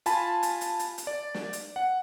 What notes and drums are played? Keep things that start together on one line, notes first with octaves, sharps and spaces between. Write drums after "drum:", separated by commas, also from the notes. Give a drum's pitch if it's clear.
F4 G#5 A5 B5, drum: hi-hat
drum: hi-hat
drum: hi-hat
drum: hi-hat
drum: hi-hat
D5
drum: snare
drum: hi-hat
F#5